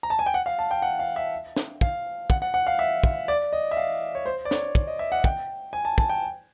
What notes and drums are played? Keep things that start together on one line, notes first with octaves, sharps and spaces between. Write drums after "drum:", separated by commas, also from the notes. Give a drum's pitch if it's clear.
A#5
A5
G#5
G5
F#5
F5
A5
G5
F#5
F5
E5
drum: snare
F5, drum: kick
F#5, drum: kick
F#5
F#5
F5
E5
drum: kick
D5
D#5
E5
F5
C#5
C5
D5
C#5, drum: snare
drum: kick
D#5
E5
F#5
G5, drum: kick
G#5
A5
A5, drum: kick
G5